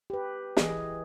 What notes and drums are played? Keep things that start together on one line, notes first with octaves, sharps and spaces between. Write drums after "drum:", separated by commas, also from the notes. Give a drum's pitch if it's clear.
G4 B4
E3 G#4 D#5, drum: snare